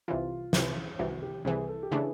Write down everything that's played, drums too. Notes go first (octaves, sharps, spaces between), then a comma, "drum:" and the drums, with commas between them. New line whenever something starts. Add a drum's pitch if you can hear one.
C2 C3 E3 F4
C2 C3 E3, drum: snare
C2 C3 E3 F#4
G4
C2 C3 E3 G#4
A4
G4
C#3 E3 A3 D4 G#4